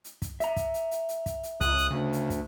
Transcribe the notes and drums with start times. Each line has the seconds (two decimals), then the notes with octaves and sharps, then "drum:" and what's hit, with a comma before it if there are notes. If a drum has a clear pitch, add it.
0.04 drum: hi-hat
0.22 drum: kick, hi-hat
0.40 E5 A#5, drum: hi-hat
0.56 drum: kick, hi-hat
0.74 drum: hi-hat
0.91 drum: hi-hat
1.09 drum: hi-hat
1.26 drum: kick, hi-hat
1.43 drum: hi-hat
1.61 C#2 D#6 F#6, drum: kick, hi-hat
1.78 drum: hi-hat
1.90 D2 C#3
2.13 drum: hi-hat
2.30 drum: kick, hi-hat